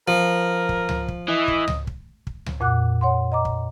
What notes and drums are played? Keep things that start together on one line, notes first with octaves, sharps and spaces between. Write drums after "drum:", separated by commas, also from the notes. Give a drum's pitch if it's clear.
F3 A#4
drum: kick
drum: tom C#2
drum: kick
E3 D#5
drum: kick
drum: tom C#2
drum: kick
drum: kick
drum: tom C#2
F2 A#2 F#5 D6 F#6
C#5 F#5 C6
D#5 A#5 D6
drum: kick